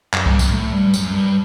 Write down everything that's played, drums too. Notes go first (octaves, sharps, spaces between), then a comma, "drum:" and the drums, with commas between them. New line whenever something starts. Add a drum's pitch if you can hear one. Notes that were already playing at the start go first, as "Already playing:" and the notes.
F#2, drum: clap
G2, drum: kick C2
F#2, drum: tambourine
A2
G2
F#2, drum: tambourine
G2